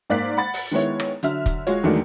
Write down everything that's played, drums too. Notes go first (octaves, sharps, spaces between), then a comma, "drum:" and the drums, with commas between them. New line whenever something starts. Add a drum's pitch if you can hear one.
G#2 A#3 D5 F5 F#6 B6
F#5 B5 A6
drum: open hi-hat
D#3 G#3 B3 E4 C#5
drum: rim click
D3 F#3 E5 F6, drum: hi-hat
drum: kick, hi-hat
G#3 F4 F#4 C#5, drum: hi-hat
E2 D#3 F#3 G#3 A3 D4